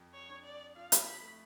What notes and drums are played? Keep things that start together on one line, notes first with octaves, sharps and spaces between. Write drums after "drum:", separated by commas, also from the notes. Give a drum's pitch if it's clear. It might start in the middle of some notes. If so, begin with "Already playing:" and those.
Already playing: F2
C#5
D4
D5
F4 F5
drum: hi-hat
B5
A3